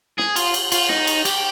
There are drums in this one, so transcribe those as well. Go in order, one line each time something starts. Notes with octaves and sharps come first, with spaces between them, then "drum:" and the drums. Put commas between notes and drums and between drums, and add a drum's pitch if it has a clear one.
G#4, drum: snare
F4, drum: cymbal
drum: cymbal
F4, drum: cymbal
D#4, drum: snare
drum: cymbal
G4, drum: cymbal